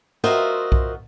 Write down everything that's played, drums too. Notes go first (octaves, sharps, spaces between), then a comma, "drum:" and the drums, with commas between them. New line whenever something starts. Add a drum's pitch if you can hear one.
F4 F#4 A#4 C5 D#5 E5
drum: kick B1